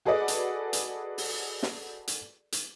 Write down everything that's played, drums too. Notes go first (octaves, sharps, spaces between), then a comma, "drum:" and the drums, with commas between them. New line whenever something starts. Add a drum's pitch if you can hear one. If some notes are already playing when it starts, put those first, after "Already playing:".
F#4 G#4 A4 B4 D5 D#5
drum: hi-hat
drum: hi-hat
drum: open hi-hat
drum: snare
drum: hi-hat
drum: hi-hat